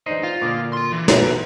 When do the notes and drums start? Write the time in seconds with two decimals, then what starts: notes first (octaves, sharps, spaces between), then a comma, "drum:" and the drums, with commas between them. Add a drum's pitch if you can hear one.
0.06 E3 D4 D#4 C5 D#5
0.23 F4
0.42 A#2 D3 A#3 D6 D#6
0.73 F4 C6
0.93 E3
1.08 B2 F#3 B3 B4 A#5, drum: snare